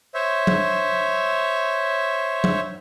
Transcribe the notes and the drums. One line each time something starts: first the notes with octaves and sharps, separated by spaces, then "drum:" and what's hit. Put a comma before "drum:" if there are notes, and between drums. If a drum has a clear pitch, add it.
C5 C#5 E5
drum: tom F#3
drum: tom F#3